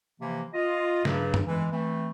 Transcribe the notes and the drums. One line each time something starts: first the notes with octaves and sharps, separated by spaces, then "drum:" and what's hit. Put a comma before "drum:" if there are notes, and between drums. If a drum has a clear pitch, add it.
C3 E3 F3 A#3
F4 D#5
G2 C#3 F#3, drum: snare
drum: tom F#2
E3 G#3
E3 A3 C4